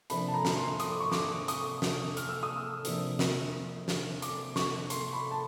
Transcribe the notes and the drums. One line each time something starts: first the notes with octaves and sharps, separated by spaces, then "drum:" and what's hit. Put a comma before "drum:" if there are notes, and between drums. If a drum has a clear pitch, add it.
C3 F3 A#3 D4 B5, drum: hi-hat
A5
A#5
drum: snare
C6
D#6, drum: hi-hat
D6
C#6
D6, drum: snare
D#6, drum: hi-hat
drum: snare
F6, drum: hi-hat
E6
D#6
E6
C3 F3 A#3 D4, drum: hi-hat
drum: snare
drum: snare
D6, drum: hi-hat
C#6, drum: snare
C6, drum: hi-hat
B5
A5